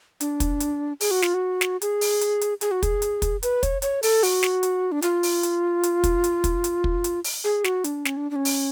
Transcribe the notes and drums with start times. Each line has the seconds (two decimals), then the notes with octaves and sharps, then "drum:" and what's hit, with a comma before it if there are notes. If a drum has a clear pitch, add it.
0.20 D4, drum: hi-hat
0.40 drum: kick, hi-hat
0.60 drum: hi-hat
1.01 G#4, drum: open hi-hat
1.11 F#4
1.22 F4, drum: snare
1.34 F#4
1.61 drum: snare
1.82 G#4, drum: hi-hat
2.01 drum: open hi-hat
2.21 drum: hi-hat
2.41 drum: hi-hat
2.61 G#4, drum: hi-hat
2.71 F#4
2.83 G#4, drum: kick, hi-hat
3.02 drum: hi-hat
3.22 drum: kick, hi-hat
3.43 B4, drum: hi-hat
3.63 C#5, drum: kick, hi-hat
3.82 C#5, drum: hi-hat
4.03 A4, drum: open hi-hat
4.23 F#4, drum: open hi-hat
4.43 drum: snare
4.63 drum: hi-hat
4.92 D4
5.02 F4, drum: hi-hat
5.23 drum: open hi-hat
5.43 drum: hi-hat
5.83 drum: hi-hat
6.04 drum: kick, hi-hat
6.24 drum: hi-hat
6.44 drum: kick, hi-hat
6.64 drum: hi-hat
6.84 drum: kick
7.04 drum: hi-hat
7.24 drum: open hi-hat
7.44 G#4
7.64 F#4, drum: snare
7.84 D4, drum: hi-hat
8.05 C#4, drum: snare
8.17 D4
8.31 D4
8.36 C#4
8.45 drum: open hi-hat